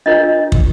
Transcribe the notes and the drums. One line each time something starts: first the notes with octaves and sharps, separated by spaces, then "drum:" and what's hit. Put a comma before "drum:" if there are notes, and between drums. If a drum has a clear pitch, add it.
D4 F4 A#4 C#5 D#5
drum: kick